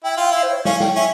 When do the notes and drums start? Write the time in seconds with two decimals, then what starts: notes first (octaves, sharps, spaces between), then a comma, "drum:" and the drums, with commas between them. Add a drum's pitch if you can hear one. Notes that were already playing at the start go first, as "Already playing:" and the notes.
0.04 E4 G5
0.17 F4 G5
0.31 E4 F5
0.43 C5
0.50 C#5
0.65 C#4 F5, drum: snare
0.80 G5, drum: snare
0.96 C#4 E5